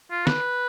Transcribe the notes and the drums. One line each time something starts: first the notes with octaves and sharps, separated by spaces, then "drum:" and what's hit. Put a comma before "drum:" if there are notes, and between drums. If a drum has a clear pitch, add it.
F4
B4, drum: snare